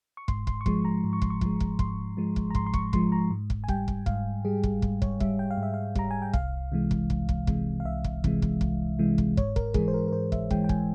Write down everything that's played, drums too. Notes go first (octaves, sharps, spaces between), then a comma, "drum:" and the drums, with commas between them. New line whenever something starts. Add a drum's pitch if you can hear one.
C#6
G#2 C6, drum: kick
C6, drum: kick
C#6
F3 G#3 C6, drum: kick
A#5
G#2
C#6
C6, drum: kick
C#6
F3 G#3, drum: kick
drum: kick
G#2 C6, drum: kick
F3 G#3
drum: kick
A#5
G#2 C6, drum: kick
C6
C#6, drum: kick
F3 G#3 C6, drum: kick
A#5
G#2
drum: kick
G#5
G3 G5, drum: kick
drum: kick
G#2 F5, drum: kick
G3 G#4
drum: kick
G#2, drum: kick
C#5, drum: kick
G3 E5, drum: kick
G5
F5
G#2
E5
F5
G3 A#5, drum: kick
G#5
G5
C2 F5, drum: kick
C3 E3 G#3
drum: kick
C2, drum: kick
drum: kick
C3 E3 G#3, drum: kick
F5
C2 E5
drum: kick
C3 E3 G#3, drum: kick
drum: kick
C2, drum: kick
C3 E3 G#3
drum: kick
G#2 C#5, drum: kick
A#4, drum: kick
E3 G#3 G#4, drum: kick
C5
A#4
A#4
G#2 C5
E5, drum: kick
E3 G#3 G5, drum: kick
G5
G#5, drum: kick